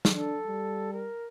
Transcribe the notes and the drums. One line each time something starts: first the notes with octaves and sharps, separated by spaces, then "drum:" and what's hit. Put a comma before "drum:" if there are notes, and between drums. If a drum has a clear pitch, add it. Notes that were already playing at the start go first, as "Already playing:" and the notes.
drum: snare
D4 A4
G3
A#4